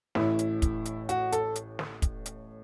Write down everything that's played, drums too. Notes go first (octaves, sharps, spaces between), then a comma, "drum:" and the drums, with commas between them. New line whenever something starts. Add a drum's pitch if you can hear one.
A1 A2 E3 E4, drum: snare
drum: hi-hat
drum: kick, hi-hat
drum: hi-hat
F#4, drum: hi-hat
A4, drum: hi-hat
drum: hi-hat
drum: snare
drum: kick, hi-hat
drum: hi-hat